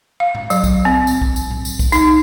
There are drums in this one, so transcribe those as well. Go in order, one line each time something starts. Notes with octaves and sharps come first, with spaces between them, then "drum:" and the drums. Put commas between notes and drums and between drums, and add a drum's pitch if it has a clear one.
F5
drum: tom A2
F#3, drum: tambourine
drum: kick B1, tambourine
C4
drum: tambourine
drum: kick B1
drum: tambourine
drum: tom A2
drum: tambourine
drum: kick B1, tambourine
D#4, drum: tambourine